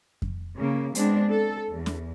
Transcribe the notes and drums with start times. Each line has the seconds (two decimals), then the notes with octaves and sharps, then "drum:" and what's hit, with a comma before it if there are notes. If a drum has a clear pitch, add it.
0.22 drum: kick F2
0.59 C#3 A#3
0.95 G#3 B3 C4 D4, drum: hi-hat
1.31 A4
1.71 E2
1.86 drum: snare